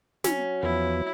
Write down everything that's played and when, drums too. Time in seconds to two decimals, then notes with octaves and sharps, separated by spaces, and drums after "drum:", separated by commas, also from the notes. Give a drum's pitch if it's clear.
0.24 F#3 C#4, drum: snare
0.63 E2 F3 B3 E4